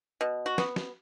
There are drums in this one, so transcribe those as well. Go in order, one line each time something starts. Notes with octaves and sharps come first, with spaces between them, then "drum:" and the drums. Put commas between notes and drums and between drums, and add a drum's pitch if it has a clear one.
B2
F#4
B3, drum: snare
drum: snare